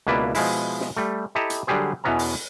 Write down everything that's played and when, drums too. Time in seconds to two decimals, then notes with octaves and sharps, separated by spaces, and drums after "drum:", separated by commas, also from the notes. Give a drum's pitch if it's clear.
0.07 C#2 B2 A#3 E4 B4 D5
0.35 B2 F3 G#3 E4, drum: open hi-hat
0.81 drum: snare
0.97 G3 A3
1.35 E4 G4 A4 D#5 A#5
1.50 drum: hi-hat
1.67 D3 F#3 G3 G4 G#4 C5
2.04 E2 B2 E3 B3 C#4 A#5
2.19 drum: open hi-hat